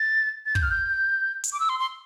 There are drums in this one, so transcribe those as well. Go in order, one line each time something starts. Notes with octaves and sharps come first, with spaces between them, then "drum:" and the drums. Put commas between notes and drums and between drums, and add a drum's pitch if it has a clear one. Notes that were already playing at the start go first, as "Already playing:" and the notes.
Already playing: A6
A6
G6, drum: kick
F6
G6
drum: hi-hat
D6
E6
C6
C6